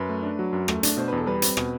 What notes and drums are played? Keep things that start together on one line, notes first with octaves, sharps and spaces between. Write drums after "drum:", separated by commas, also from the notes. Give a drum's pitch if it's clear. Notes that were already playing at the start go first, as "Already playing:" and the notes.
Already playing: F#2 B4
A3
D4
F#3
F#2
A3, drum: rim click
D4, drum: hi-hat
B2 C5
E2 B4
A4
G3 B4
C4, drum: hi-hat
B2, drum: rim click